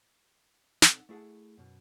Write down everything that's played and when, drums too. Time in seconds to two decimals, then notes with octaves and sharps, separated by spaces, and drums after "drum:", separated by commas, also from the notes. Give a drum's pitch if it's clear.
0.82 B1 C4 D#4 A4 F#5, drum: snare
1.09 A3 E4 G#4 F#5 A5
1.58 F#2 B2